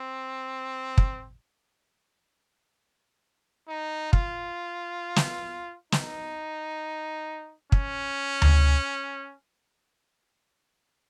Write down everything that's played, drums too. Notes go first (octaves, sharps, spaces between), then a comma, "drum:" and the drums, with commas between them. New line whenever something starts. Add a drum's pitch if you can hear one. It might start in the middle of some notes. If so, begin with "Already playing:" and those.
Already playing: C4
drum: kick
D#4
F4, drum: kick
drum: snare
D#4, drum: snare
C#4, drum: kick
drum: tom D2